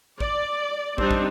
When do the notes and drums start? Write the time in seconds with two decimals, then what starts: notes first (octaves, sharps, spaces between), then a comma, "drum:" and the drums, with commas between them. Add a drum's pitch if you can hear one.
0.20 D5, drum: kick
0.98 G3 C4 D4 D#4, drum: kick
1.11 drum: kick